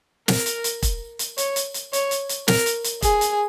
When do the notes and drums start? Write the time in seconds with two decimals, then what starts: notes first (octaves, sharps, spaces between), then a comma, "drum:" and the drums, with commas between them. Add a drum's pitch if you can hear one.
0.28 A#4, drum: snare
0.46 drum: hi-hat
0.64 drum: hi-hat
0.82 drum: kick E1, hi-hat
1.19 drum: hi-hat
1.38 C#5, drum: hi-hat
1.56 drum: hi-hat
1.74 drum: hi-hat
1.93 C#5, drum: hi-hat
2.11 drum: hi-hat
2.29 drum: hi-hat
2.48 A#4, drum: snare
2.66 drum: hi-hat
2.84 drum: hi-hat
3.02 G#4, drum: kick E1, hi-hat
3.21 drum: hi-hat